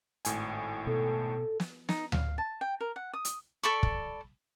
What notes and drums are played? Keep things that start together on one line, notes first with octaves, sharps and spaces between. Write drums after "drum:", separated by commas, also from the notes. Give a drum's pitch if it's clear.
G#1 A2 G#5, drum: hi-hat
B2 A4
drum: snare
D#4, drum: snare
F5, drum: tom D2
A5
G5
A#4
F#5
D#6
drum: hi-hat
A4 D5 B5 C#6
drum: kick